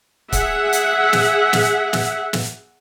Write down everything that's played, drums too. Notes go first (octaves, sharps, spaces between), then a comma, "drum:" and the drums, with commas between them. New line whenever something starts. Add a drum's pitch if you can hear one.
G#4 E5 F#5, drum: kick C#1, hi-hat
drum: hi-hat
drum: snare
drum: snare
drum: snare
drum: snare